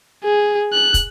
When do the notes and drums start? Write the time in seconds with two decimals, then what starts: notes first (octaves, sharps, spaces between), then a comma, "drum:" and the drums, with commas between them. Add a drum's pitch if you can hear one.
0.24 G#4
0.73 F#6
0.94 drum: kick, hi-hat